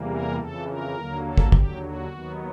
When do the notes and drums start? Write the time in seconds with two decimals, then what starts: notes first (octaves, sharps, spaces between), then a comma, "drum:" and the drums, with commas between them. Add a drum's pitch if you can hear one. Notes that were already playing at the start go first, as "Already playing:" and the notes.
Already playing: E2 C3 E3 G3 A#3
0.10 A#4
0.38 F2 C#3 E3 A4
0.67 A#4
0.95 D#2 D3 F#3 A#3
1.23 A4
1.37 drum: kick
1.52 D#2 D3 F#3 G4, drum: kick
1.81 F#4
2.10 D#2 D#3 F#3 B3